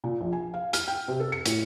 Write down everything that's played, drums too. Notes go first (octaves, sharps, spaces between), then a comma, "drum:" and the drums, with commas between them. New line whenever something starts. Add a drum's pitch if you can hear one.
A#2
A#1
G#5
F5
F6, drum: hi-hat
G5
C3
A4
C#7
A2, drum: hi-hat